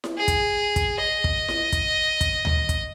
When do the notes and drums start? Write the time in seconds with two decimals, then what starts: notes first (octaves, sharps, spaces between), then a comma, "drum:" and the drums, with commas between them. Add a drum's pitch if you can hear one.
0.04 drum: snare E4
0.18 G#4
0.28 drum: kick, hi-hat
0.76 drum: kick, hi-hat
1.00 D#5
1.24 drum: kick
1.48 drum: snare E4
1.72 drum: kick, hi-hat
2.21 drum: kick, hi-hat
2.45 drum: tom D2
2.69 drum: kick, hi-hat